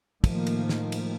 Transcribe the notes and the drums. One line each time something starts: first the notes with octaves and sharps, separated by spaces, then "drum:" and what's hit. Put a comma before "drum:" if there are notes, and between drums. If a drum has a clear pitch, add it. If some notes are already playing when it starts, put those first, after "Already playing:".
A2 D#3 F3 A3 A#3, drum: kick, cymbal
drum: cymbal
drum: snare
drum: cymbal